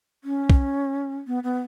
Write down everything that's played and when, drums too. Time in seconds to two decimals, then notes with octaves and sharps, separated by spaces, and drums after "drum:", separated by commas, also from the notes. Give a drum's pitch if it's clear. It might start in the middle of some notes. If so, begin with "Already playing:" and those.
0.24 C#4
0.50 drum: kick
1.27 B3
1.43 B3